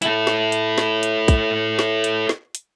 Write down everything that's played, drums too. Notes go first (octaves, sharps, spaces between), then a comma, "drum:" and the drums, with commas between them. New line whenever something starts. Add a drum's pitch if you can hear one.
E4 A4, drum: hi-hat
drum: snare
drum: hi-hat
drum: snare
drum: hi-hat
drum: kick, hi-hat
drum: snare
drum: hi-hat
drum: snare
drum: hi-hat